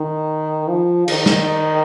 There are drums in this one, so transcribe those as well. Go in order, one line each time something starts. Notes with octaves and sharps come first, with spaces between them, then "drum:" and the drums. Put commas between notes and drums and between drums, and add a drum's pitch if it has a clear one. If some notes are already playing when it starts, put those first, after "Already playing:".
Already playing: D#3
F3
D#3, drum: cymbal
drum: snare